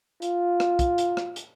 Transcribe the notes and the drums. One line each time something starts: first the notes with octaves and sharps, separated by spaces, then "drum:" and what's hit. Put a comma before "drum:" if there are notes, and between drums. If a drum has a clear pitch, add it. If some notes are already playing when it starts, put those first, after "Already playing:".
F4, drum: hi-hat
drum: rim click
drum: kick, hi-hat
drum: hi-hat
drum: rim click
drum: hi-hat